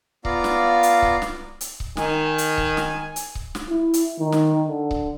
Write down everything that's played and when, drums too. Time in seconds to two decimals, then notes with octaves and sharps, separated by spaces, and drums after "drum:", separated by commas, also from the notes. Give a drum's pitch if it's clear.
0.25 B3 F4 D5 F5 A#5, drum: kick C#1
0.44 drum: snare
0.83 drum: hi-hat
1.02 drum: kick C#1
1.22 drum: snare
1.61 drum: hi-hat
1.80 drum: kick C#1
1.97 D#3 G#5, drum: snare
2.38 drum: hi-hat
2.58 drum: kick C#1
2.77 drum: snare
3.16 drum: hi-hat
3.35 drum: kick C#1
3.55 drum: snare
3.70 E4
3.94 drum: hi-hat
4.20 D#3
4.32 drum: snare
4.67 D3
4.91 drum: kick C#1